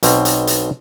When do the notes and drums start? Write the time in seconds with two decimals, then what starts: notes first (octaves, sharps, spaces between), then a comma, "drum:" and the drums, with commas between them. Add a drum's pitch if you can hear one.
0.03 B1 B2 C4, drum: hi-hat
0.25 drum: hi-hat
0.47 drum: hi-hat